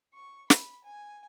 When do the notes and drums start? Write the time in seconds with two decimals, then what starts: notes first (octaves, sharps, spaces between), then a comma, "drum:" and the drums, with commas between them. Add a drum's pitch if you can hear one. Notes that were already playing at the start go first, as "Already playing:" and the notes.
0.14 C#6
0.50 B5, drum: snare
0.84 G#5